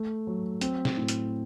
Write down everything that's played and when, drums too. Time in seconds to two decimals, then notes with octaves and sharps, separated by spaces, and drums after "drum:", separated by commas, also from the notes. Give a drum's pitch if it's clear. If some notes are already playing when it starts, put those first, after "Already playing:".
Already playing: A3
0.27 F#3
0.61 C4, drum: hi-hat
0.85 drum: snare
0.97 A2
1.08 drum: hi-hat